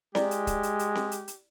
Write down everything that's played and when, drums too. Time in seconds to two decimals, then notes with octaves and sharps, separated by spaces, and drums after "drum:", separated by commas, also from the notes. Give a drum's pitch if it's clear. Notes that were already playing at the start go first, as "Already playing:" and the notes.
0.15 G#3 E4 G4 D5, drum: snare C4
0.31 drum: hi-hat
0.47 drum: kick, hi-hat
0.63 drum: hi-hat
0.79 drum: hi-hat
0.95 drum: snare C4
1.12 drum: hi-hat
1.28 drum: hi-hat